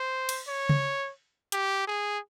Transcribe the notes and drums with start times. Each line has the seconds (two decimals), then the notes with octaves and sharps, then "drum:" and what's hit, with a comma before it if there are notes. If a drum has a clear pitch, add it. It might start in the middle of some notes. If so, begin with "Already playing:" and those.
Already playing: C5
0.29 drum: cymbal
0.48 C#5
0.69 drum: tom C#3
1.52 G4, drum: hi-hat
1.87 G#4